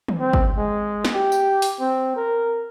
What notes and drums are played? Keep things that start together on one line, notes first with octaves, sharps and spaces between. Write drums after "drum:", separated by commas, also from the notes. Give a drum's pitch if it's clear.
drum: tom D#3
C4
drum: kick
G#3
drum: snare
G4
drum: tambourine
drum: open hi-hat
C4
A#4